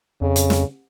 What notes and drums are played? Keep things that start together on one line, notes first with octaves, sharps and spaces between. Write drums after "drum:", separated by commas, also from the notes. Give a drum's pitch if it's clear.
F2 C#3
drum: hi-hat
drum: snare